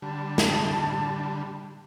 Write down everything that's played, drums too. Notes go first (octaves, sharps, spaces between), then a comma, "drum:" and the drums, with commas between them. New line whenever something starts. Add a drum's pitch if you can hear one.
D3 G3 A5
drum: snare